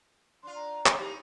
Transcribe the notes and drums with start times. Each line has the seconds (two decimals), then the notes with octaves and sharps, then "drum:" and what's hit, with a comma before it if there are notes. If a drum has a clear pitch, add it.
0.43 D4 F4 C6
0.55 A#5
0.86 F#2, drum: clap
1.00 D#4 E4 G4